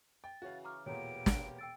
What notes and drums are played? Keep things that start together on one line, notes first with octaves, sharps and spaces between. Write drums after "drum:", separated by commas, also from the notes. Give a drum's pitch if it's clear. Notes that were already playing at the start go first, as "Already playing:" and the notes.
G5 A6
C#3 E3 F#4 C#5 F5
A#5 C#6 D6 F6
E1 A#2 A#3 B3 G4 C#5 A#5 D7
drum: snare
G5 E6 A6 D7